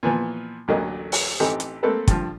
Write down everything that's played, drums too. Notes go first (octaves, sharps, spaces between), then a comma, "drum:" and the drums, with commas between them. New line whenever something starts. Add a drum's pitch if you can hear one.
A#2 E3 F3 B3
A1 D2 F#3 A3 A#3 D#5
drum: open hi-hat
A1 E3 C4 D#4 G4 A4
drum: hi-hat
A3 A#3 C4 A4 B4
G2 F3, drum: kick, hi-hat